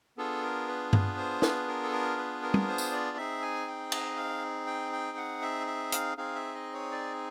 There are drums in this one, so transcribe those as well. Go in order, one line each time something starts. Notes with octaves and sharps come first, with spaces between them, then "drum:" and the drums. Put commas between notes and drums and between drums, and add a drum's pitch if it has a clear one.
B3 D4 F4 G#4 A4
A#4
B4
B4, drum: tom G2
C5
B4, drum: snare
A#4
A4
A#4
B4
A#4
drum: tom
C5
drum: tambourine
D5
C4 D#4 G#4 E5
G#5
G5
D#5, drum: cymbal
F5
G5
G5
F#5
E5
E5
F5, drum: hi-hat
C4 D#4 G#4 F5
E5
D#5
C#5
D5